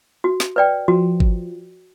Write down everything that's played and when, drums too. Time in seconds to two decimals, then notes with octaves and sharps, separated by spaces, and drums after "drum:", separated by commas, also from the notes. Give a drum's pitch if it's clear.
0.24 F#4
0.40 drum: snare
0.56 B4 D5 G5
0.88 F3 F#4
1.20 drum: kick G1